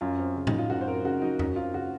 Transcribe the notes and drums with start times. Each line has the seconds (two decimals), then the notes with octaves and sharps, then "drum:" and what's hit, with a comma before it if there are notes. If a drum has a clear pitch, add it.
0.01 F#2 F4
0.19 C4
0.36 C#3
0.47 D#4, drum: tom
0.53 F#3
0.58 F4
0.70 F#2 F#4
0.81 C5
0.87 C4 A#4
1.05 C#3 F#4
1.22 F#3 D#4
1.39 F#2 D#4, drum: tom E2
1.56 C4 F4
1.74 C#3 F#4